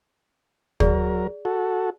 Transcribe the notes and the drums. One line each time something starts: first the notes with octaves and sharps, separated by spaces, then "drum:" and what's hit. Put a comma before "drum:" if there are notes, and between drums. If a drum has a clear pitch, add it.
F#3 G#4 A#4 D5, drum: kick
F#4 A4